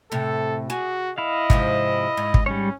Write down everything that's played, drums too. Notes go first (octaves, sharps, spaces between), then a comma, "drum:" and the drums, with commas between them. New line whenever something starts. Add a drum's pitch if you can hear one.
A2 C3 A4
F#4 G#4
E4 D#5 F5
G#2 C3 F3, drum: kick
G#2
drum: kick
G3 C#4 C#5